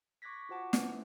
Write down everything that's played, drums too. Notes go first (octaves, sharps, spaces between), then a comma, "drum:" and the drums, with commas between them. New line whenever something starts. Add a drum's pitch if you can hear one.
C#6 D6 F#6 G#6 A#6 B6
F4 F#4 C5 F#5 A5 D6
C#4 E4 B4 C5, drum: snare
A3 B4